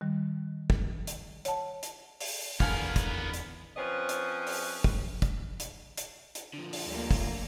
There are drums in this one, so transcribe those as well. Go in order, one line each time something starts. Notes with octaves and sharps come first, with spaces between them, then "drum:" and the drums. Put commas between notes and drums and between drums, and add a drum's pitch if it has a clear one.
D#3 G3
drum: kick
drum: hi-hat
C#5 F#5 A5, drum: hi-hat
drum: hi-hat
drum: open hi-hat
E2 A#2 D3 B3 A#4 F5 G#5 A5, drum: kick
drum: kick, hi-hat
drum: hi-hat
F3 C4 C#4 B4 D#5
drum: hi-hat
drum: open hi-hat
drum: kick
drum: kick, hi-hat
drum: hi-hat
drum: hi-hat
drum: hi-hat
D3 F3
drum: open hi-hat
D2 G3 A#3
drum: kick, open hi-hat